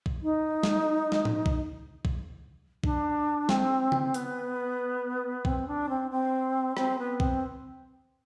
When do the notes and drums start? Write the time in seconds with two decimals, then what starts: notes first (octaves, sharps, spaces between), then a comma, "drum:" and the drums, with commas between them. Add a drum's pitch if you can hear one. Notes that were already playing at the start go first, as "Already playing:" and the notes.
0.06 drum: kick B1
0.22 D#4
0.63 drum: snare
1.12 drum: snare
1.25 drum: tom A2
1.46 drum: kick B1
2.05 drum: kick B1
2.84 D4, drum: kick B1
3.49 C4, drum: snare
3.92 drum: tom C#3
4.14 B3, drum: hi-hat
5.45 C4, drum: kick B1
5.67 D4
5.89 C4
6.11 C4
6.77 C4, drum: rim click
6.99 B3
7.20 C4, drum: kick B1